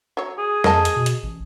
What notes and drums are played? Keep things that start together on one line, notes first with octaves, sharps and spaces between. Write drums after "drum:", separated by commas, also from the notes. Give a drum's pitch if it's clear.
F#3 C#5
G#4
F2 A#4 D#5 A5, drum: snare
drum: hi-hat
B2
drum: hi-hat
A1